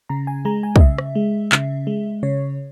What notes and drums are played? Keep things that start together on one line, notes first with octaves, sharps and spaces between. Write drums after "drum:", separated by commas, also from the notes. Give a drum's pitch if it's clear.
C#3 A#5
G#5
G#3 A#5
G#5
D#5, drum: kick
C#3 E5
drum: rim click
G#3
C#3, drum: clap
G#3
C#3 C#5